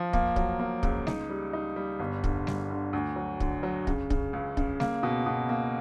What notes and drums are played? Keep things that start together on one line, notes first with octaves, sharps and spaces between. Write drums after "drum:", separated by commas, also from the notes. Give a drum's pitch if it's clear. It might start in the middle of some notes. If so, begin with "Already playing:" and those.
Already playing: F3
A#3, drum: kick
F#3, drum: kick
A#3
C#2, drum: kick
D#4, drum: snare G3
G3
D#4
G3
G1
D3, drum: kick
G3, drum: snare G3
D3
D2
F#3
D3, drum: kick
F#3
C#3, drum: kick
C#3, drum: kick
C#2
C#3, drum: kick
A#3, drum: snare G3
B2
B2
A#3